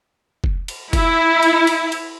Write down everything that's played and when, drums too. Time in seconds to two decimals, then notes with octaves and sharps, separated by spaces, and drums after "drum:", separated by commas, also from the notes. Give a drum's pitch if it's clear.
0.44 drum: kick F1
0.68 drum: cymbal
0.93 E4, drum: kick F1, cymbal
1.43 drum: cymbal
1.67 drum: cymbal
1.92 drum: cymbal